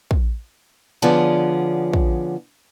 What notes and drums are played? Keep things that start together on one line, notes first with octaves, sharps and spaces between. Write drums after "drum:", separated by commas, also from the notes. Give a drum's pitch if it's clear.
drum: kick
D3 F3 B3 C#4 G#4 D5
drum: kick